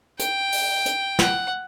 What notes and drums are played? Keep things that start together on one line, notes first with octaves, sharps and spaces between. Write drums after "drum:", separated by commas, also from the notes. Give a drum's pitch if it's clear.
G5, drum: hi-hat
drum: open hi-hat
drum: hi-hat
F#5, drum: snare